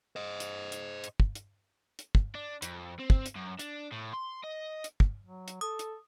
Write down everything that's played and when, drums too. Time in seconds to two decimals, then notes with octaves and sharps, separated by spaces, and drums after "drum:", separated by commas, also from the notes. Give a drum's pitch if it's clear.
0.16 C5 D#5
0.40 drum: hi-hat
0.72 drum: hi-hat
1.04 drum: hi-hat
1.20 drum: kick
1.35 drum: hi-hat
1.99 drum: hi-hat
2.15 drum: kick
2.35 D4
2.62 F2, drum: hi-hat
3.00 C4
3.10 drum: kick
3.26 drum: hi-hat
3.36 F#2
3.59 D4, drum: hi-hat
3.92 A2
4.14 C6
4.44 D#5
4.84 drum: hi-hat
5.00 drum: kick
5.23 F#3
5.48 drum: hi-hat
5.61 A4 D#6
5.79 drum: hi-hat